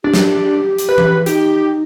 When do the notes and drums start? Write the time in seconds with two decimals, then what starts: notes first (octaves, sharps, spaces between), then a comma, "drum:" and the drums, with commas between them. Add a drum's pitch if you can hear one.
0.04 D4 G4
0.14 drum: snare
0.78 drum: hi-hat
0.89 B4
0.98 drum: tom E3
1.26 D#4 G4, drum: hi-hat